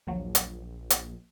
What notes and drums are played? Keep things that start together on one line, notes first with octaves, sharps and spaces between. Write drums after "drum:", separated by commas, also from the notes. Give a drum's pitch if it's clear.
A#1 D#2 F3 F#3
drum: hi-hat
drum: hi-hat